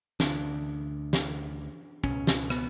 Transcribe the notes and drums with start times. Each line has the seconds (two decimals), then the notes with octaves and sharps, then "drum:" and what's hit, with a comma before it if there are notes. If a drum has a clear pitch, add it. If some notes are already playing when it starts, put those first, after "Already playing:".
0.20 D2 D3 D4, drum: snare
1.13 drum: snare
2.04 C#2 B2 C#4, drum: kick
2.27 drum: snare
2.50 B3, drum: rim click